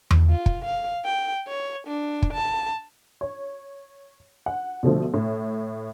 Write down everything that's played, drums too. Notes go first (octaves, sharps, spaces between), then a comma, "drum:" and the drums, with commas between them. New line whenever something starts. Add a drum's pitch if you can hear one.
drum: tom E2
F4
drum: kick
F5
G5
C#5
D4
drum: kick
A5
C#5
F#5
B2 D3 F3 A3
A2